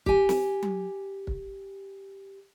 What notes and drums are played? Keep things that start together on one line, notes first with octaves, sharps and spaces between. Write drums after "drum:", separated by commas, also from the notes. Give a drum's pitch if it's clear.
G4 G#5, drum: kick
drum: snare
drum: tom F#3
drum: kick